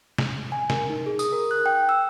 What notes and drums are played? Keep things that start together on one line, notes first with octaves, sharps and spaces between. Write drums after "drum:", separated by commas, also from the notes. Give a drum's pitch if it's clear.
drum: snare
G#5
A#4, drum: snare
D#4
G#4
D#6, drum: tambourine
A#4
F#6
G5
E6